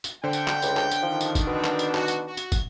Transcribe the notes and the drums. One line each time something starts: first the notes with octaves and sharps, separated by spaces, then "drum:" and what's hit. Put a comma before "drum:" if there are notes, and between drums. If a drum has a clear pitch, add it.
drum: tambourine
D3 C5 G5 C#7
drum: tambourine
drum: clap
C#2, drum: tambourine
drum: clap
drum: tambourine
D#3 F3 D4 D#4
drum: tambourine
drum: kick, tambourine
B2 B3 C4
drum: clap
drum: tambourine
F#4, drum: clap
drum: tambourine
F#4
drum: tambourine
drum: kick, tambourine